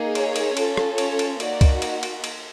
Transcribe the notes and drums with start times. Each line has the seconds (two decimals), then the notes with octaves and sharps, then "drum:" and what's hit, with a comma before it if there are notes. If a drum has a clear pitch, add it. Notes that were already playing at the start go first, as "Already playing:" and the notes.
Already playing: A#3 D#4 G#4
0.15 C#5, drum: cymbal
0.36 drum: cymbal
0.57 C#4 F4 A4, drum: cymbal
0.77 drum: rim click
0.98 C#5, drum: cymbal
1.19 drum: cymbal
1.40 A#3 D#4 F#4 D5, drum: cymbal
1.61 drum: kick C#2, cymbal
1.82 drum: cymbal
2.03 drum: cymbal
2.24 drum: cymbal